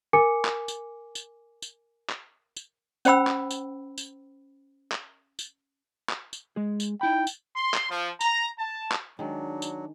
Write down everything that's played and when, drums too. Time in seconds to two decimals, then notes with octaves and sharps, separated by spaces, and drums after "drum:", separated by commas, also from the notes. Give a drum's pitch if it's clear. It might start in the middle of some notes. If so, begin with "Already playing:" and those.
0.13 A#4 G#5 D6 C#7
0.45 drum: clap
0.68 drum: tambourine
1.15 drum: tambourine
1.62 drum: tambourine
2.09 drum: clap
2.56 drum: tambourine
3.05 C#4 C5 G5 B5 E6, drum: tambourine
3.27 drum: clap
3.51 drum: tambourine
3.98 drum: tambourine
4.92 drum: clap
5.39 drum: tambourine
6.09 drum: clap
6.33 drum: tambourine
6.56 G#3 G#4
6.80 drum: tambourine
7.01 D#4 E4 G5 B5
7.27 drum: tambourine
7.55 C6
7.74 drum: clap
7.90 F3
8.21 A#5, drum: tambourine
8.59 A5
8.92 drum: clap
9.19 D#3 F#3 G#3 D4
9.62 drum: tambourine